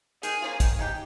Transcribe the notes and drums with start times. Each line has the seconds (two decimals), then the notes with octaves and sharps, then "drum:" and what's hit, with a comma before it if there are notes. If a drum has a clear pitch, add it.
0.23 D#3 G#4, drum: hi-hat
0.42 A#3 C#4 F4
0.60 D#3, drum: kick, hi-hat
0.79 G#3 D#4 G4